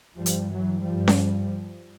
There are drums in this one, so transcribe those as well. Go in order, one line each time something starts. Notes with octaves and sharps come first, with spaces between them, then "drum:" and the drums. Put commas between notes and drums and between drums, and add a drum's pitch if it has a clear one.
G2 F3 G3
drum: hi-hat
E3 F#3
G2 F3 G3
drum: snare C#4